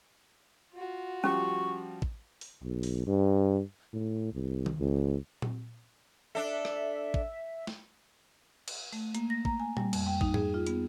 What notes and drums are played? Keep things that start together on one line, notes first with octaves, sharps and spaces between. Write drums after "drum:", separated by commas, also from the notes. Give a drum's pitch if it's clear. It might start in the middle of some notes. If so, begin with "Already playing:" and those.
F4 F#4
F3 G3 C#4 G4 C#6
drum: kick
drum: open hi-hat
B1
drum: open hi-hat
G2
A2
C2
drum: tom D#3
C#2
drum: tom A#2
D4 A4 E5
drum: rim click
drum: kick
drum: snare
drum: cymbal
A3, drum: open hi-hat
A#3, drum: hi-hat
A#6
A#5, drum: kick
G#5
G3, drum: tom A#2
F2, drum: cymbal
G5
D#4, drum: kick
G#4, drum: tom G#2
F4
B3, drum: hi-hat